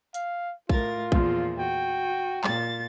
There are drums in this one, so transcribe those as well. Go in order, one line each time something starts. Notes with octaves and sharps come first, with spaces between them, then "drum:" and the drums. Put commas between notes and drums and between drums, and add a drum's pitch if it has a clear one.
F5, drum: hi-hat
A2 F4 A#4 A6, drum: kick A#1
E2 A#2 F3, drum: kick A#1
F#4 G5
A#2 A6, drum: clap